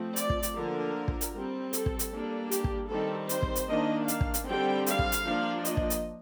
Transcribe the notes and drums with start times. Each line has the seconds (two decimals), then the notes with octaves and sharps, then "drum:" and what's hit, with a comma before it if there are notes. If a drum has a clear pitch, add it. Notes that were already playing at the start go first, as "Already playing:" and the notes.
Already playing: F3 A3 C4
0.16 D5, drum: hi-hat
0.30 drum: kick
0.43 drum: hi-hat
0.55 D3 F3 A#3 A#4
1.08 drum: kick
1.21 drum: hi-hat
1.33 G3 C4
1.73 A4, drum: hi-hat
1.86 drum: kick
1.99 drum: hi-hat
2.12 G3 A#3 D4
2.51 G4, drum: hi-hat
2.64 drum: kick
2.90 D#3 G3 C4 A4
3.29 C5, drum: hi-hat
3.42 drum: kick
3.55 drum: hi-hat
3.68 D#3 A#3 D4 D#5
4.08 F5, drum: hi-hat
4.21 drum: kick
4.34 drum: hi-hat
4.46 D3 G3 C4 G5
4.86 F5, drum: hi-hat
4.99 drum: kick
5.12 drum: hi-hat
5.25 F3 A#3 D4
5.65 D#5, drum: hi-hat
5.77 drum: kick
5.90 drum: hi-hat